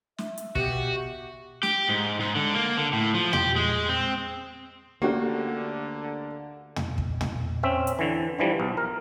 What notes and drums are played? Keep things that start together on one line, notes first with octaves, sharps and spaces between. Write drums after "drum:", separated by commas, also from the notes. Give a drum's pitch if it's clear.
E5, drum: snare
drum: hi-hat
B2 F#4 G4, drum: kick
G4, drum: snare
G#2
G#2
D3
A#3
D3
A2
F3
G4, drum: tom
G#3
C4
D2 D3 A3 A#3 C#4 D4 F#4 G4
drum: tom
drum: kick
drum: tom
C4 C#4 E5
drum: hi-hat
D3 E3
D3 E3 F3 G3
B1
A#4